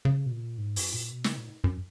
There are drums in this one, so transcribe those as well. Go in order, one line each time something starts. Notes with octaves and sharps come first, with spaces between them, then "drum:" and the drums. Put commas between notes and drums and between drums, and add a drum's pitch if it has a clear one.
C#3
B2
A#2
G#2
F#2, drum: open hi-hat
A#2
B2
C#3, drum: snare
A#2
F#2